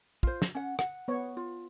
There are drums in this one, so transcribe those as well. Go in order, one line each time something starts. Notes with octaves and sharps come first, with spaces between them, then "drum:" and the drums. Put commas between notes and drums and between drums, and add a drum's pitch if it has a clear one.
F4 C5, drum: kick
drum: snare
C#4 F#5
F#5, drum: rim click
B3 C#5
F4